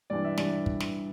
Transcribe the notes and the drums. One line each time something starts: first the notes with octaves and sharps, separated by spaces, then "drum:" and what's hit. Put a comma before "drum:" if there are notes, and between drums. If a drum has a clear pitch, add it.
G2 E3 D5
E5
G2 E3 D5, drum: snare
drum: kick
drum: snare